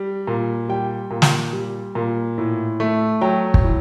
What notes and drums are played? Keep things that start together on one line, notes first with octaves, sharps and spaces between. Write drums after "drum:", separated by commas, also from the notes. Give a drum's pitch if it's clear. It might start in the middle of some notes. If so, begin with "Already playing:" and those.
Already playing: G3
A#2
G3 G5
A#2
drum: snare
G3
A#2
A2
A3
F#3 G5
drum: kick
A2